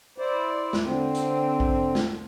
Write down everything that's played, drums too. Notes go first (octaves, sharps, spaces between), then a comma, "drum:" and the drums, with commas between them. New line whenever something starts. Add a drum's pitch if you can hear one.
E4 C5 D5
drum: snare
D3 C4
drum: hi-hat
drum: kick A#1
drum: snare